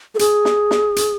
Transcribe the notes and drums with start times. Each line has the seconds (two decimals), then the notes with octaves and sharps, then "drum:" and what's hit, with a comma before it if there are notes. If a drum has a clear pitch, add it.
0.15 A4
0.19 G#4, drum: hi-hat
0.45 drum: snare
0.71 drum: snare
0.96 drum: hi-hat